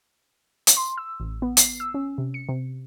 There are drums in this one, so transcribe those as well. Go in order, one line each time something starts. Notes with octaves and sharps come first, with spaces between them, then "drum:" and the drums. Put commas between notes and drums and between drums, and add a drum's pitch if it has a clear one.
drum: hi-hat
C6
E6
A1
B3
C7, drum: hi-hat
E6
C#4
C3
C#7
C3